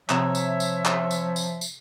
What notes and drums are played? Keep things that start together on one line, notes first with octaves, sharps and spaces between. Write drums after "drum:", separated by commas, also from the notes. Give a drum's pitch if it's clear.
C3 F3 C#5 E5 A#5 E7, drum: clap
drum: tambourine
drum: tambourine
drum: clap
drum: tambourine
drum: tambourine
drum: tambourine